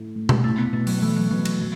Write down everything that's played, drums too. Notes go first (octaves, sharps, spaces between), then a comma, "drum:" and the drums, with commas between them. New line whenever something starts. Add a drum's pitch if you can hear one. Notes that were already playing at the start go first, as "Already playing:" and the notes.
Already playing: A2 A3 E4
A2
drum: tom B2
A3 E4
B3
B2 A3
F#3, drum: open hi-hat
E3 A3
F#3
B2 F#3
F#3, drum: cymbal
F#3